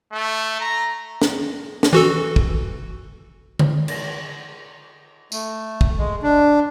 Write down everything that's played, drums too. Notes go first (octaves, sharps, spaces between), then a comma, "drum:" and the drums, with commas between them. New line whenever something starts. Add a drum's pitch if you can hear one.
A3
A#5
drum: snare
drum: snare
E3 F#4 A4
drum: kick
drum: tom D3
drum: cymbal
A3, drum: tambourine
drum: kick
G#3
D4